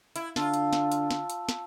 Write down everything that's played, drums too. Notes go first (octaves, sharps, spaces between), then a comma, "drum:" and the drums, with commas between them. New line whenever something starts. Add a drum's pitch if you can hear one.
E4, drum: hi-hat
D3 F4 A5 E6, drum: snare
drum: hi-hat
drum: snare
drum: hi-hat
drum: snare
drum: hi-hat
drum: snare